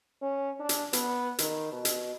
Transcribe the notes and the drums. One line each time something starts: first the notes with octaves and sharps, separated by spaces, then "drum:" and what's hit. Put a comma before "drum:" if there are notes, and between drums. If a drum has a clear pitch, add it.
C#4
D4
drum: hi-hat
B3, drum: hi-hat
D#3, drum: hi-hat
B2
drum: hi-hat